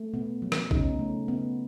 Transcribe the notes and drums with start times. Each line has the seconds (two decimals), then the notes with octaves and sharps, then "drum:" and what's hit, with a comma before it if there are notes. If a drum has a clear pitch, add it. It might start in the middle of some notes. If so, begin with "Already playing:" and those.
Already playing: A3
0.13 B2 B3
0.42 F#3
0.52 drum: rim click
0.71 C#3 D#4, drum: kick A#1
0.79 C#4
0.88 B3
0.96 A3 C#4
1.28 C#3 B3